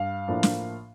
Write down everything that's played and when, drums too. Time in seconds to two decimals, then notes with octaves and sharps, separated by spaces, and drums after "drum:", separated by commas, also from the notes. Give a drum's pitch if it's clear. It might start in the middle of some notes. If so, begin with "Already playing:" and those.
Already playing: G2 F5
0.28 A2 F3 A#3 D4
0.43 drum: snare